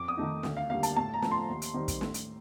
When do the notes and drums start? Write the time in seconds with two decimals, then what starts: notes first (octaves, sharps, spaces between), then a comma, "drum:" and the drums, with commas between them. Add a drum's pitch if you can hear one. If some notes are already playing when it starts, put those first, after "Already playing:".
Already playing: F2 D6
0.08 D#6
0.17 D#3 A3 D#4
0.43 D2, drum: snare
0.57 F5
0.70 D3 G3 A#3 F5
0.83 A5, drum: hi-hat
0.97 A2 A5
1.14 A#5
1.22 F3 A3 C4, drum: snare
1.31 C6
1.49 D#2
1.62 drum: hi-hat
1.74 D#3 G3 C4
1.88 drum: kick, hi-hat
2.01 A2, drum: snare
2.14 drum: hi-hat